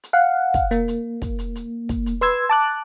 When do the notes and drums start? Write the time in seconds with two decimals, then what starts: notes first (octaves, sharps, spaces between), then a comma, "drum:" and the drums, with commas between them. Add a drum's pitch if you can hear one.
0.03 drum: hi-hat
0.13 F5 F#5
0.54 drum: kick, hi-hat
0.71 A#3, drum: hi-hat
0.88 drum: hi-hat
1.22 drum: kick, hi-hat
1.39 drum: hi-hat
1.55 drum: hi-hat
1.89 drum: kick, hi-hat
2.06 drum: hi-hat
2.21 B4 C6 E6 G#6, drum: hi-hat
2.49 A5 D6 F#6